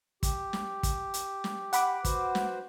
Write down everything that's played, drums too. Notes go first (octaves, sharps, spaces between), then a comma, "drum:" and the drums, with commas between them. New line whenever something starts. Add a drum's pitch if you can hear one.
G4, drum: kick, hi-hat
drum: snare
drum: kick, hi-hat
drum: hi-hat
drum: snare
F#5 B5 D6, drum: hi-hat
F#4 B4 C5, drum: kick, hi-hat
drum: snare